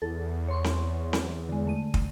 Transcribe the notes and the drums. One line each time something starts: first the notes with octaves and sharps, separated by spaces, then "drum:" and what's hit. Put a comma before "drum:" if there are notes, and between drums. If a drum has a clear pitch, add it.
E2 A4
C#5 C6 C#6
drum: snare C4
drum: snare C4
D3 G#3
D3 A3 D#7
drum: kick